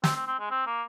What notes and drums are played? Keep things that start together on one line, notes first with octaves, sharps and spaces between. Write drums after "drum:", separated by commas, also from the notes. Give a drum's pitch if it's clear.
C4, drum: snare
C4
C4
G#3
C4
A#3